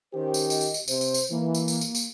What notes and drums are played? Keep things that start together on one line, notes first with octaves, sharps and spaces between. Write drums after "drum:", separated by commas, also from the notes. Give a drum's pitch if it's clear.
D#3 C#4 G4 C5
drum: tambourine
D#5, drum: tambourine
drum: tambourine
drum: tambourine
C3 C5, drum: tambourine
drum: tambourine
drum: tambourine
E3 A#3
drum: tambourine
drum: tambourine
drum: tambourine
drum: tambourine